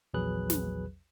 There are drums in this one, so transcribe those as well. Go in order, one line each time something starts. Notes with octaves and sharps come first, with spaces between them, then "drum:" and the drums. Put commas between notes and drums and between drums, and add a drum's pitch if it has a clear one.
A#1 E2 F#3 G#4 B4 F#6
drum: snare